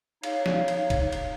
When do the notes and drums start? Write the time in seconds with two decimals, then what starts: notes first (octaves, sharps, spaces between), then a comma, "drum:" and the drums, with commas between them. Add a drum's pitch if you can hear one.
0.23 D#4 C#5 F5, drum: cymbal
0.46 drum: snare
0.68 drum: cymbal
0.90 drum: kick, cymbal
1.12 drum: cymbal